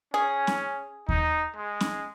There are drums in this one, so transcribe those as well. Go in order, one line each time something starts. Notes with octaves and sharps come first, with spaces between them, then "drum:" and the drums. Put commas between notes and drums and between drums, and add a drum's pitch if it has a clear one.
C#4 G#4
drum: snare
D#4, drum: kick D#2
G#3
drum: snare